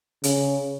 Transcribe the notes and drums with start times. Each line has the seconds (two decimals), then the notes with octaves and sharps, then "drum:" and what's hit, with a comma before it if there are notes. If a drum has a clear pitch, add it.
0.24 C#3, drum: hi-hat